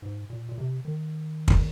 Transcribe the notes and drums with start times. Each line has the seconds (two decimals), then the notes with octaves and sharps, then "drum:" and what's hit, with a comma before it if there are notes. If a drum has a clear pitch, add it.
0.02 G#2
0.30 A#2
0.49 A#2
0.58 C3
0.85 D#3
1.48 drum: kick